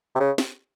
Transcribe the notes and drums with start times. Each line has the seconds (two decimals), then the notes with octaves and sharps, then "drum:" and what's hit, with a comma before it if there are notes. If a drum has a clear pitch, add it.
0.15 C3
0.20 C#3
0.38 drum: snare